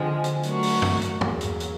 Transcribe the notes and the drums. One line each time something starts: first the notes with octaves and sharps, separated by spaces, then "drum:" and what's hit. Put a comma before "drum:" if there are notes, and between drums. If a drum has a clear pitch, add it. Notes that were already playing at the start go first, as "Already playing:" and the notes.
Already playing: D3 F3 G#3 C4
drum: hi-hat
F#3 A3 D4 F#4 A#4, drum: hi-hat
drum: open hi-hat
drum: tom
drum: hi-hat
E2 C#3 F#3 A#3, drum: tom
drum: hi-hat
drum: hi-hat